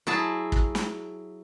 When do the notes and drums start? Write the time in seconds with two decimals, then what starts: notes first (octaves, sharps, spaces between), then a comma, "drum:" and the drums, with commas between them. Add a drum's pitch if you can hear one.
0.07 F#3 E4 G#4 A5
0.52 drum: kick
0.75 drum: snare